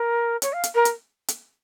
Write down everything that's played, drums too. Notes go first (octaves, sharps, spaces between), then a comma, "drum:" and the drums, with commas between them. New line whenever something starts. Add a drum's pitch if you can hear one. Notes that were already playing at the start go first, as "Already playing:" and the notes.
Already playing: A#4
C#5, drum: hi-hat
F5
drum: hi-hat
A#4
drum: hi-hat
drum: hi-hat